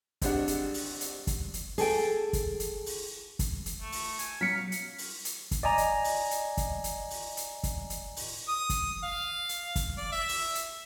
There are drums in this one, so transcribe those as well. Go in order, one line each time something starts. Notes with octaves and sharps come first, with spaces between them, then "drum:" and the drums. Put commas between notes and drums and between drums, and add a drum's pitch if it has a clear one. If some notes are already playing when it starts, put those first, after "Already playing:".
G#1 G3 D4 F#5, drum: kick, hi-hat
drum: hi-hat
drum: open hi-hat
drum: hi-hat
drum: kick, hi-hat
drum: hi-hat
G#4 A4 G5, drum: open hi-hat
drum: kick, hi-hat
drum: hi-hat
drum: open hi-hat
drum: kick, hi-hat
drum: hi-hat
A3
drum: open hi-hat
G#5, drum: hi-hat
F#3 F5 B6 C#7
drum: hi-hat
drum: open hi-hat
drum: hi-hat
drum: kick, hi-hat
D5 D#5 G#5 A#5
drum: hi-hat
drum: open hi-hat
drum: hi-hat
drum: kick, hi-hat
drum: hi-hat
drum: open hi-hat
drum: hi-hat
drum: kick, hi-hat
drum: hi-hat
drum: open hi-hat
D#6
drum: kick, hi-hat
F5
drum: hi-hat
drum: kick, hi-hat
D5
E5
drum: open hi-hat
drum: hi-hat